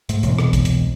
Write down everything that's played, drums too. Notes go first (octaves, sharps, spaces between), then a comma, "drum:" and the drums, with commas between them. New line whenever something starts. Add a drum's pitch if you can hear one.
G#2 A3, drum: hi-hat
E1 C#2 G2 C3, drum: hi-hat
drum: rim click
drum: kick, hi-hat
C2, drum: hi-hat